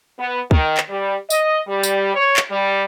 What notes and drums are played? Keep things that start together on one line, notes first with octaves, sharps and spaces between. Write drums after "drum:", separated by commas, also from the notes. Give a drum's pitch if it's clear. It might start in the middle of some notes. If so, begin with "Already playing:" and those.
B3
D#3, drum: kick
drum: clap
G3
D#5, drum: tambourine
G3
drum: tambourine
C#5
drum: clap
G3